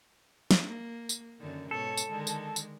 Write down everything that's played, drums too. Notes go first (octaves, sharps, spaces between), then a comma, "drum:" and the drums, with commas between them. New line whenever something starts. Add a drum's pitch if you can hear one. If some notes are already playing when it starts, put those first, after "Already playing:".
drum: snare
A#3
drum: tambourine
F#2 D3 D#3
G#2 B2 A4 C#5
drum: tambourine
D3 D#3 G#3
drum: tambourine
drum: tambourine